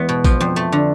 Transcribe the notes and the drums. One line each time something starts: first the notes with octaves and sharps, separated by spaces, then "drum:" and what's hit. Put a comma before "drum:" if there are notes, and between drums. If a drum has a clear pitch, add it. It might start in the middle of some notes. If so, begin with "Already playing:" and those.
Already playing: E2 G#3 B3
B2
F3, drum: kick A1, tambourine
F2
A3
D3